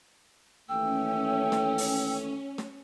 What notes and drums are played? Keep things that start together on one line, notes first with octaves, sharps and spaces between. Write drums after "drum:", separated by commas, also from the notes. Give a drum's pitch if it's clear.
D#2 E3 A3 C#4 G5 E6
drum: snare
drum: open hi-hat
drum: snare